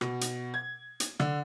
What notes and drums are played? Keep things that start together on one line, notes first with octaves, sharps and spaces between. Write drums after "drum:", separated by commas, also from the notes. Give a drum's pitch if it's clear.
B2, drum: rim click
drum: hi-hat
G#6
drum: hi-hat
D3, drum: rim click